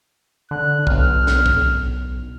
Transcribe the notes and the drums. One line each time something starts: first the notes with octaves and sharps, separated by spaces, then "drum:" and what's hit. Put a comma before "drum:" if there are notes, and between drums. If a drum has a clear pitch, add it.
D3 F#6
B1 F6, drum: kick
drum: snare
drum: kick